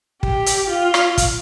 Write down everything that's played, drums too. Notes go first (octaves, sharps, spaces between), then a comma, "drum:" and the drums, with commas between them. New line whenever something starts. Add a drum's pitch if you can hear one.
G4, drum: kick
drum: hi-hat
F4
drum: rim click
drum: kick, hi-hat